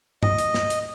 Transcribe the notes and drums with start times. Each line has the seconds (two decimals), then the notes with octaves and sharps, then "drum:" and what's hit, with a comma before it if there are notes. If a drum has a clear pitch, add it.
0.23 D#5, drum: tom G2
0.38 drum: hi-hat
0.54 drum: snare
0.70 drum: hi-hat